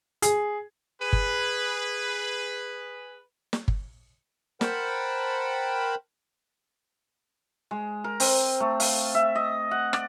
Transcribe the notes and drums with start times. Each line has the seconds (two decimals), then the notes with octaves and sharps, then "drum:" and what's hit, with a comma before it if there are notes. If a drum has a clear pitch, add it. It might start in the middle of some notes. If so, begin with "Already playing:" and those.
0.22 G#4, drum: hi-hat
1.02 G#4 B4
1.13 drum: kick G1
3.53 drum: snare
3.68 drum: kick G1
4.61 A#4 C5 F#5 G5 A5 B5, drum: snare
7.71 G#3
8.04 A#4
8.20 C4, drum: open hi-hat
8.60 A3
8.80 F5, drum: open hi-hat
9.14 E5
9.35 D#5
9.71 F#5
9.93 D5, drum: rim click